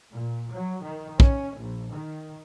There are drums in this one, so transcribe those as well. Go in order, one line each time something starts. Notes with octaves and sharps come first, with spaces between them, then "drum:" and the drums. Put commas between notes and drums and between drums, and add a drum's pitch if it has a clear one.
A#2
F#3
D#3
C#4, drum: kick
A#1
D#3